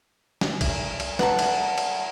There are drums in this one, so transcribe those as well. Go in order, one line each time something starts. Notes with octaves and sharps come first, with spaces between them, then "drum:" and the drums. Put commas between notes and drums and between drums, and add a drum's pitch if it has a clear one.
drum: snare
drum: kick, cymbal
drum: cymbal
B4 F#5 A5 A#5, drum: snare
drum: cymbal
drum: cymbal